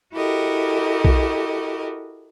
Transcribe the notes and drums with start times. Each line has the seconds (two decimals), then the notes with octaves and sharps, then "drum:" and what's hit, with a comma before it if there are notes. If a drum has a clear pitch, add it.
0.14 E4 F#4 G4 A4 A#4 D#5
1.05 drum: kick B1